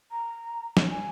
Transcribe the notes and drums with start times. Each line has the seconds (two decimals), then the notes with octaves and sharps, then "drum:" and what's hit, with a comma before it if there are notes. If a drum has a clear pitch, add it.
0.11 A#5
0.77 drum: snare
0.90 G#5